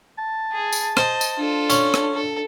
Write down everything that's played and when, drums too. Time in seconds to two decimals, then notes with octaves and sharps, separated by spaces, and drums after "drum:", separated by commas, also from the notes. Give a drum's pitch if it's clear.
0.18 A5
0.52 G#4
0.72 drum: tambourine
0.97 C5 D#5, drum: rim click
1.21 drum: tambourine
1.38 D4 F4 A4
1.70 C#4, drum: tambourine
1.94 drum: rim click
2.15 A4